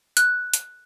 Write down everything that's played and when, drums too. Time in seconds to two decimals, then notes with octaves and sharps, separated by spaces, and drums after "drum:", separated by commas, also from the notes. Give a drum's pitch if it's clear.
0.17 F#6, drum: hi-hat
0.54 drum: hi-hat